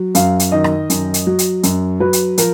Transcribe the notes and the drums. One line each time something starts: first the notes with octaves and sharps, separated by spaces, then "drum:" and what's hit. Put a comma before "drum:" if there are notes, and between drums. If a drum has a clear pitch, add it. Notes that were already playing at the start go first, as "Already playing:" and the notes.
Already playing: F#3
F#2 F5, drum: hi-hat
drum: hi-hat
D#3 D#5
drum: rim click
F#2, drum: hi-hat
drum: hi-hat
F#3
drum: hi-hat
F#2, drum: hi-hat
F#3 B4
drum: hi-hat
F3 A#4, drum: hi-hat